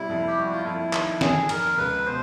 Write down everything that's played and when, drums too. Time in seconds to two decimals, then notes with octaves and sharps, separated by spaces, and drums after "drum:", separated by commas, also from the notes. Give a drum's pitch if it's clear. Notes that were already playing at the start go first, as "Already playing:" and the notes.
Already playing: C3 G3 E4
0.09 F2
0.27 G4
0.38 G3 F#4
0.52 F4
0.66 F2 E4
0.93 D#3, drum: clap
1.21 D#3 G#4, drum: snare
1.49 F2 A#4, drum: cymbal
1.78 C#2 B4
2.06 B2 C5